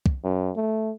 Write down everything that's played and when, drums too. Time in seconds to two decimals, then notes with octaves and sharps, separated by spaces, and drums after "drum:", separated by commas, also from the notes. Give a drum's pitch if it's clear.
0.06 drum: kick
0.24 F#2
0.56 A3